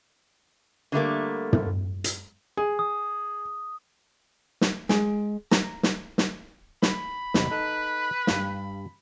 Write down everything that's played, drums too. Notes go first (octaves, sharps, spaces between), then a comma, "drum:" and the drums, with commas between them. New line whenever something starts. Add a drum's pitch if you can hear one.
D3 G3 A3 A#3
drum: tom
drum: hi-hat
G#4
D#6
drum: snare
G#3, drum: snare
A#5, drum: snare
drum: snare
drum: snare
B5, drum: snare
E2 C3 D#4, drum: snare
D#4 A4 B4
G2 F5, drum: snare